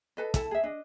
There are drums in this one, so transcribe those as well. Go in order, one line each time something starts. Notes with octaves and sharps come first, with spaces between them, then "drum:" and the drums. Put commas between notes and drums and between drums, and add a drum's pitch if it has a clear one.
A4 B4 D#5
E4 A4 A5, drum: kick, hi-hat
G#4 E5
D4 D#5